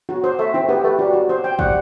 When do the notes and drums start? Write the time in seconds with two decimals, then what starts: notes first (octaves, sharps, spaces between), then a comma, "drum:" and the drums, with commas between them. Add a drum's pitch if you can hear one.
0.09 F#4
0.24 C5
0.39 A3 E5
0.53 C4 E4
0.69 B3 G4
0.84 A3 B4
0.99 G3 F#4
1.13 F#4
1.29 C5
1.44 G5
1.59 G3 F#5, drum: kick